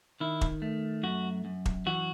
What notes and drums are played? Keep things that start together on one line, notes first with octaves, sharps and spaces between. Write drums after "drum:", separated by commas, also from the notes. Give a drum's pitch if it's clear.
D#3 E4
drum: kick E1
A3
F#2 F#4
F#2
drum: kick E1
E3 F#4